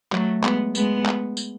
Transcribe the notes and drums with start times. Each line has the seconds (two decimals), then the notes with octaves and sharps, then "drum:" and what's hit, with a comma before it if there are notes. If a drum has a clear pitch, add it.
0.12 F#3 A3, drum: clap
0.44 G#3 B3, drum: clap
0.75 G#3 B3, drum: tambourine
1.06 drum: clap
1.37 drum: tambourine